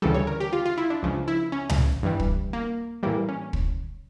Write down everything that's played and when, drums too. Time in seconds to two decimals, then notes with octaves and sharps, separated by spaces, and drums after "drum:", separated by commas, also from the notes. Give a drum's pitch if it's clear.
0.02 D2 C#3 E3 G3 A4
0.14 C#5
0.27 A#4
0.40 G4
0.53 F4
0.66 F4
0.78 E4
0.90 D4
1.03 C#2 C#3 F3
1.28 E4
1.52 C#4
1.69 drum: tom C#2
2.03 G2 E3 G3
2.20 drum: kick
2.53 A#3
3.03 A2 E3 G3 A#3
3.29 C#4
3.53 drum: kick